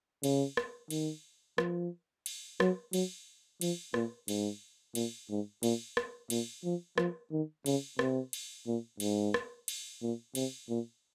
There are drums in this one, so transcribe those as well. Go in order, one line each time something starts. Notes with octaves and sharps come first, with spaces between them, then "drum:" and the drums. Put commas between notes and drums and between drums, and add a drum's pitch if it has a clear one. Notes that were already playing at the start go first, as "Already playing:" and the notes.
C#3, drum: cymbal
drum: rim click
D#3, drum: cymbal
F3, drum: rim click
drum: cymbal
F#3, drum: rim click
F#3, drum: cymbal
F3, drum: cymbal
A#2, drum: rim click
G#2, drum: cymbal
A#2, drum: cymbal
G#2
A#2, drum: cymbal
drum: rim click
A#2, drum: cymbal
F3
F3, drum: rim click
D#3
C#3, drum: cymbal
C3, drum: rim click
drum: cymbal
A#2
G#2, drum: cymbal
drum: rim click
drum: cymbal
A#2
C3, drum: cymbal
A#2